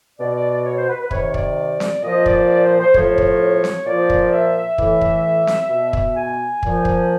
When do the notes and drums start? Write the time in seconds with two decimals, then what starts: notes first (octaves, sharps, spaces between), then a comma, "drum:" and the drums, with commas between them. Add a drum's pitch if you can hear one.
0.19 B2 D5
0.34 D5
0.50 D5
0.66 C#5
0.77 C5
0.89 B4
1.00 B4
1.11 C3 D#3 C#5, drum: kick
1.34 D5, drum: kick
1.80 drum: snare C4
2.03 A#2 F3 D#5
2.26 D5, drum: kick
2.49 D5
2.65 C5
2.80 C5
2.94 A2 F3 C#5, drum: kick
3.18 drum: kick
3.64 drum: snare C4
3.87 A#2 F3 D5
4.10 drum: kick
4.32 E5
4.78 A2 E3, drum: kick
5.01 drum: kick
5.47 drum: snare C4
5.70 B2
5.93 drum: kick
6.16 G#5
6.63 A#2 F3, drum: kick
6.85 drum: kick